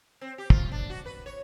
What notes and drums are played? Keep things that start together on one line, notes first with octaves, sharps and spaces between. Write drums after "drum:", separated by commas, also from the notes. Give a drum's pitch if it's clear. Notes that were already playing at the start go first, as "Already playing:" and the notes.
C4
G4
F4, drum: kick
D4
F#4
B4
C#5